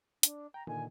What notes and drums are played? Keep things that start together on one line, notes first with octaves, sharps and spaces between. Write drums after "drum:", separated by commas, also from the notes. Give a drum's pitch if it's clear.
D4, drum: hi-hat
G5 A#5
A#2 D3 D#3 G#5